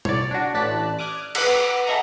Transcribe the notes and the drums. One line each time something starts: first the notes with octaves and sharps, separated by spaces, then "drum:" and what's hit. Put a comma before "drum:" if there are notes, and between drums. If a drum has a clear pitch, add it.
C#5 D5, drum: tom
D4 F#4
A1 A2 D5 A5 F#6 B6
D6 D#6 F6 F#6 G#6
B4 F#5, drum: cymbal
G#4 A4 D#5 E5 F#5 A#5